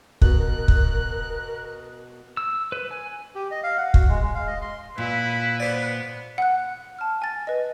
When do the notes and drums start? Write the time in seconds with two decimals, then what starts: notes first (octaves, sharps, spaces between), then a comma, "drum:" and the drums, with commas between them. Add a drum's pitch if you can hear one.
0.22 B2 A#4 F#6, drum: kick
0.68 drum: kick
2.37 E6
2.72 B4
2.91 G#5
3.35 G4
3.51 D#5
3.63 F5
3.77 F#5
3.94 F#4, drum: kick
4.09 G#3
4.22 G#3
4.35 F5
4.47 D#5
4.62 C6
4.98 A#2 E4 B4
5.60 B3 C5 D5
6.38 F#5 F#6
6.99 A5 F6
7.22 G#5 A6
7.47 B4 D#5